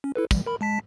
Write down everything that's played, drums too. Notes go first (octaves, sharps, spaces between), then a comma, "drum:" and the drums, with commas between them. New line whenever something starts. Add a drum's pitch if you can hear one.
C#4
E4 A4 B4
E3 G3, drum: kick, tambourine
A#4 B5
G#3 A5 B6